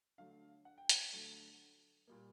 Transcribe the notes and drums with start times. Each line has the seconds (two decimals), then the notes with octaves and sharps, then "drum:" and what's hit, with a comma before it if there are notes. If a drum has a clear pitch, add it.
0.18 D3 F#3 A3 F5
0.65 F#5
0.78 G5
0.89 F#5, drum: hi-hat
1.13 D3 F#3 A3
2.07 A#2 G3 A#3